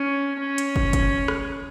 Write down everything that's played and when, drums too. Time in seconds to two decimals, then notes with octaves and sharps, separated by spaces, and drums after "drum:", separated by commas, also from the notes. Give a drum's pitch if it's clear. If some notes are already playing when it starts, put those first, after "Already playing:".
Already playing: C#4
0.40 C#4
0.58 drum: hi-hat
0.76 drum: kick
0.93 drum: kick, hi-hat
1.28 drum: rim click